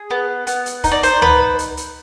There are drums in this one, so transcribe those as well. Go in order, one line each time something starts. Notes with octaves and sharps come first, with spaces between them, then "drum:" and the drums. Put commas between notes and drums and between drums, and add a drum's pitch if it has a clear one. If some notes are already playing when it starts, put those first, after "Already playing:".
Already playing: G#4
B3
B3, drum: hi-hat
drum: hi-hat
D#4, drum: kick, hi-hat
D5
C5, drum: hi-hat
B3 B4, drum: tom C#2
drum: hi-hat
drum: hi-hat